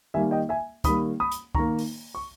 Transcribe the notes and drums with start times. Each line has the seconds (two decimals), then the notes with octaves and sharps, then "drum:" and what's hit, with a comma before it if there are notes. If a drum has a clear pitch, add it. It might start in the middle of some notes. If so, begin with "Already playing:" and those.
0.14 D#3 G3 A#3 E5 G#5
0.31 D#5 G5
0.49 E5 G#5
0.84 D#3 G3 A#3 B5 D#6, drum: kick, hi-hat
1.20 B5 D#6
1.32 drum: hi-hat
1.55 D#3 A#3 A#5 C#6, drum: kick
1.79 drum: open hi-hat
2.15 C#6